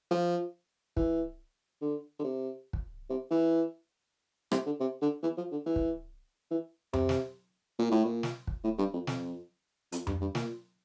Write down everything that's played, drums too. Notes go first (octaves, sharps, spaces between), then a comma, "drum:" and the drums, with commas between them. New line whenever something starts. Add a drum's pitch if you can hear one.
F3
E3, drum: kick
D3
D3
C3
drum: kick
C3
E3
C3, drum: rim click
D3
C3
D3
E3
F3
D3
E3
drum: kick
E3
C3, drum: tom F2
drum: snare
A#2
A2
A#2
drum: snare
drum: kick
A2
G2
F2
F2, drum: snare
F2, drum: hi-hat
G2, drum: tom F2
G2
A#2, drum: snare